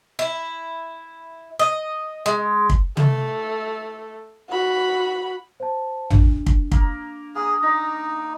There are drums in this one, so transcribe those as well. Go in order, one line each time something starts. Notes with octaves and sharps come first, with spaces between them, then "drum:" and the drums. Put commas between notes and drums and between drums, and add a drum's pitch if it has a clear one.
E4
D#5
G#3
drum: kick
A3, drum: tom
F#4 B5
C5 A5
D4, drum: tom A1
drum: kick
A#3 A#4, drum: kick
A#3 G#4 D#6
D#4 D5 A#5